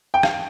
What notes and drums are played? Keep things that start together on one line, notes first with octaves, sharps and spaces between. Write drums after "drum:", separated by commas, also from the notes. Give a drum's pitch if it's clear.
G5
F5, drum: rim click